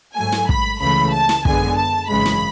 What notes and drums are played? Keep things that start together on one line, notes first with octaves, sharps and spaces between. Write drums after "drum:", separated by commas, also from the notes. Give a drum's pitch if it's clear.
G#2 F#3 A3 G#5
drum: snare
B5, drum: kick
C#2 C#3 E3 A3 B5
A5
drum: snare
F#2 D3 G#3 B3 G#5, drum: kick
A5
G#1 F#2 C#3 E3 G#3 B5
drum: snare